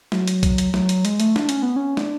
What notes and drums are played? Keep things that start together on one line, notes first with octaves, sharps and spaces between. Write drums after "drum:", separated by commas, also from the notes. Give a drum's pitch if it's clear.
F#3, drum: snare
drum: hi-hat
drum: kick, hi-hat
drum: hi-hat
F#3, drum: snare
drum: hi-hat
G#3, drum: hi-hat
A3, drum: hi-hat
D4, drum: snare
C#4, drum: hi-hat
B3
C#4
D4, drum: snare